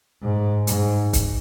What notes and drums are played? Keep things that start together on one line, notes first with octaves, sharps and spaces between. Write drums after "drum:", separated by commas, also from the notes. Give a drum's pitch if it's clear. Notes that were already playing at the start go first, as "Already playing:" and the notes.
G#2
G#2, drum: hi-hat
drum: kick, hi-hat